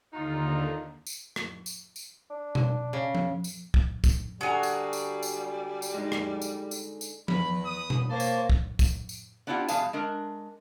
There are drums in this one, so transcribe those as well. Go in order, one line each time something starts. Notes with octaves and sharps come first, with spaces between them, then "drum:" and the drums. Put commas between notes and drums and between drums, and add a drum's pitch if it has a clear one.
D#2 D3 D#4 F4
drum: tambourine
drum: rim click
drum: tambourine
drum: tambourine
D4
drum: tom B2
C#3
drum: tom F3
drum: tambourine
drum: kick
drum: kick, tambourine
D3 G3 F#4 G#4 G#5 A#5
drum: tambourine
drum: tambourine
drum: tambourine
drum: tambourine
G#3 D#4
drum: rim click
drum: tambourine
drum: tambourine
drum: tambourine
E2 B4 B5, drum: tom F3
D#6
drum: tom B2
A#3 C5 C#5 A5
drum: tambourine
drum: kick
drum: kick, tambourine
drum: tambourine
B3 D4 E4 F4 G4 F#5
E2 B2 G3 G#4 F5 A5, drum: tambourine
G#3 D4 A#4